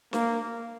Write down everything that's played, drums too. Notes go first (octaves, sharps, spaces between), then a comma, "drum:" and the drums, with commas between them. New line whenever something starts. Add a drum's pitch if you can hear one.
A#3, drum: snare